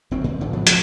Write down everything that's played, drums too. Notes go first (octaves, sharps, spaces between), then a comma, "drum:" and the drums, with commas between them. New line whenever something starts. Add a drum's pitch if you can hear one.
F#1 F#2 D#3 C4
A2
C#3 F3 A3
G#2 F3 A3 B3
F3 A3, drum: hi-hat